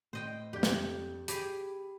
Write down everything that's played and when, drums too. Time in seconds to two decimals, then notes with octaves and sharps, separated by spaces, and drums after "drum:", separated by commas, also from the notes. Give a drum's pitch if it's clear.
0.13 A2 C5 D#5 G5
0.53 F2 D4 G4 G6
0.63 drum: snare
1.28 G4 G#4 B5, drum: hi-hat